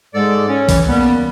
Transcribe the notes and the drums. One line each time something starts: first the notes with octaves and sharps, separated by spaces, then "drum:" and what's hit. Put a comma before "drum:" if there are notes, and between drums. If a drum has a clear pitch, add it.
G#2 G#3 A4 D5
C#4 C#5
E3, drum: kick, open hi-hat
G3 A#3 B3